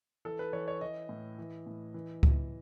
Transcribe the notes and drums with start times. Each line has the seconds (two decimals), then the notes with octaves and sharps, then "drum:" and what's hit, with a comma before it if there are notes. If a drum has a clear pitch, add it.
0.25 E3 A4
0.39 B4
0.53 E3 C#5
0.68 C#5
0.81 E3 D#5
1.09 A2
1.38 E3
1.66 A2
1.94 E3
2.23 E3, drum: kick C#2